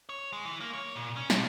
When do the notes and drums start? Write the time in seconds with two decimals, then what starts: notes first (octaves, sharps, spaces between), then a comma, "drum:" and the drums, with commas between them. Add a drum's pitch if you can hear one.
0.09 C#5
0.33 G#3
0.45 E3
0.60 A#3
0.73 C#5
0.95 A#2
1.17 C#4
1.30 B1, drum: snare